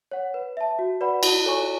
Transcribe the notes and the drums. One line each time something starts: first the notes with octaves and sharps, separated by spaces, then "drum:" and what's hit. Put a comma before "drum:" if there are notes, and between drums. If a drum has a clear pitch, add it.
C#5 F#5
B4
E5 A5
F#4
B4 D5 F#5 B5
F#4, drum: cymbal
A4 C#5 G#5 C#6